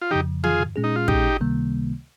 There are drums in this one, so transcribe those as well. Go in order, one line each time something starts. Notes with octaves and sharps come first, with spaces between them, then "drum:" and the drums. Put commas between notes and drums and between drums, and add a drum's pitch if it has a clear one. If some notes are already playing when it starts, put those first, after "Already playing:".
F4
F2 C#3 F3 D#4 G4
F4 G#4, drum: tom
A#2 G#3 C#4 G#4
D#4
F4
D#4 G4, drum: kick
C#2 C3 D#3 G3 A#3